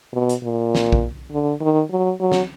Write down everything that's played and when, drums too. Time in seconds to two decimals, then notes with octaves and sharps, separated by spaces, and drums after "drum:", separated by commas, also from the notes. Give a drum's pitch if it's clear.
0.13 B2
0.29 drum: hi-hat
0.43 A#2
0.75 drum: snare
0.92 drum: kick A#1
1.32 D3
1.61 D#3
1.91 F#3
2.21 F#3
2.32 drum: snare